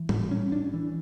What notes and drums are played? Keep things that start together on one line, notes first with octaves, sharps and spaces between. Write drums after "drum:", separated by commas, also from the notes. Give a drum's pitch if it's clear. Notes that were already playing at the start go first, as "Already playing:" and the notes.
Already playing: E3
G3, drum: tom A2
C#4
D4
E3